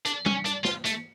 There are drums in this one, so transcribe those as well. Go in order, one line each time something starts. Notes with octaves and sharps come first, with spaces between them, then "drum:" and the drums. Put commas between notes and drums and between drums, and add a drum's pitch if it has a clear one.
D4, drum: hi-hat
C#4, drum: tom
D4, drum: hi-hat
F4, drum: snare
A3, drum: hi-hat